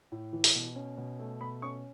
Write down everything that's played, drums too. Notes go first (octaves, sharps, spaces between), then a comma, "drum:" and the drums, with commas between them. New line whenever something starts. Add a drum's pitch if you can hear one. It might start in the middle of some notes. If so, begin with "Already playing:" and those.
A2
E3
drum: open hi-hat
B2
C#4
B2
A3
B2 B5
C#4 C#6